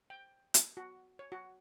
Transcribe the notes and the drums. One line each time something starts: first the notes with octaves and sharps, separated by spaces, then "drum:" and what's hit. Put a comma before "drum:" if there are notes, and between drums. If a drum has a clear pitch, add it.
G5
drum: hi-hat
F#4
C#5
F#4